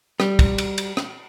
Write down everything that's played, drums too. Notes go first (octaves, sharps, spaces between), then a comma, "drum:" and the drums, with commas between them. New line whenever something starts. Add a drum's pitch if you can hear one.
G3, drum: rim click
drum: kick, cymbal
drum: cymbal
drum: cymbal
drum: rim click